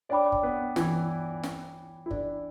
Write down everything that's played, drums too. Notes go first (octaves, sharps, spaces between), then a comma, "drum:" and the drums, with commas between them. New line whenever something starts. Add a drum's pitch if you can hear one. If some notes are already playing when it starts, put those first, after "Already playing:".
D4 C#5 D5 G5 B5 D6
drum: kick
B3 B4
E3 E4, drum: snare
drum: snare
E4
D4, drum: kick